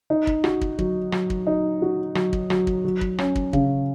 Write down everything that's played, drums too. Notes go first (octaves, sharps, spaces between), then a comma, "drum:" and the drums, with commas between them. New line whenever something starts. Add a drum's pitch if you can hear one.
D#4
drum: kick
F#4, drum: rim click
drum: kick
F#3, drum: kick
F#3, drum: rim click
drum: kick
D#4
F#4
F#3, drum: rim click
drum: kick
F#3, drum: rim click
drum: kick
F#3
drum: kick
C#4, drum: rim click
drum: kick
C#3, drum: kick